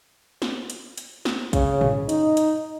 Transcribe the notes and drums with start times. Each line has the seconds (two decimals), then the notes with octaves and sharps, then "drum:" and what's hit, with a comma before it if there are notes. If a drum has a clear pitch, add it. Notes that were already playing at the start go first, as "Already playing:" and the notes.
0.42 drum: snare
0.70 drum: hi-hat
0.98 drum: hi-hat
1.25 drum: snare
1.53 C#3, drum: kick, hi-hat
1.81 drum: tom
2.09 D#4, drum: hi-hat
2.37 drum: hi-hat